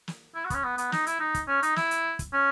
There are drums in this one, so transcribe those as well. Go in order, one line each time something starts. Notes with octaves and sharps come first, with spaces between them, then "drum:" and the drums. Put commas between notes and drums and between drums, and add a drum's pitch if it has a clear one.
drum: snare
E4
F#4
B3, drum: kick, hi-hat
C#4
B3
B3, drum: hi-hat
D#4, drum: snare
E4, drum: hi-hat
D#4
drum: kick, hi-hat
C#4
D#4, drum: hi-hat
E4, drum: snare
drum: hi-hat
drum: kick, hi-hat
C#4